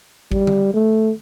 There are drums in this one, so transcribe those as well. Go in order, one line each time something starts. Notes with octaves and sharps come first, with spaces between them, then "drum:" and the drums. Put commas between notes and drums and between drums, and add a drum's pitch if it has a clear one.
G3, drum: kick G#1
drum: tom D3
A3